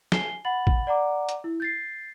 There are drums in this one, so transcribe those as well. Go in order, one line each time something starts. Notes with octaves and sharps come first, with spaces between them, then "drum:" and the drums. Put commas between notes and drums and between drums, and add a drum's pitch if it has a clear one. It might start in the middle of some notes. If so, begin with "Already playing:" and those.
G#5 C7 G7, drum: snare
F#5 B5 A6 F#7
drum: kick
D5 F#5 A#5 D6
drum: hi-hat
E4
G6 A6 C7